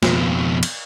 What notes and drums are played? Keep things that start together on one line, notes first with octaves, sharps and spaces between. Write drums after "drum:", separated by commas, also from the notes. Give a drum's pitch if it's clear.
F2 B2, drum: snare
drum: cymbal